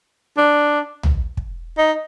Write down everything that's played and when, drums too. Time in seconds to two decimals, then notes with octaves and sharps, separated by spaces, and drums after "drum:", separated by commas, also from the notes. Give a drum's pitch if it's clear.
0.38 D4
1.03 drum: tom B1
1.37 drum: kick
1.78 D#4